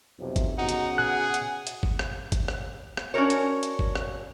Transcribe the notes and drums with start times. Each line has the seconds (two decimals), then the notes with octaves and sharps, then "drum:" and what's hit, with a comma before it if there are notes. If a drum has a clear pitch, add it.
0.20 B1 F2 C3
0.36 drum: kick, hi-hat
0.58 C#3 B3 D#4 F#4 F#5
0.69 drum: hi-hat
0.98 G#4 F#6
1.34 drum: hi-hat
1.67 drum: hi-hat
1.83 drum: kick
1.99 drum: rim click
2.32 drum: kick, hi-hat
2.48 drum: rim click
2.97 drum: rim click
3.14 C#4 D4 E4 F#4 A#4 C#5
3.30 drum: hi-hat
3.63 drum: hi-hat
3.79 drum: kick
3.95 drum: rim click